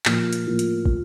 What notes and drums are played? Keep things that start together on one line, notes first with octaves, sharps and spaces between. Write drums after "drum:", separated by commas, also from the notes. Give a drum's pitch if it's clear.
A#2 F3 A#3 F4, drum: clap
drum: hi-hat
A2 F3 A#3
drum: hi-hat
drum: kick